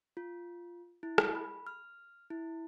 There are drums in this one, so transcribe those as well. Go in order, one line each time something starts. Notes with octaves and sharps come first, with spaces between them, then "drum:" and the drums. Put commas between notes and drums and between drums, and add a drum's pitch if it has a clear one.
F4
E4
drum: rim click
B5
F6
E4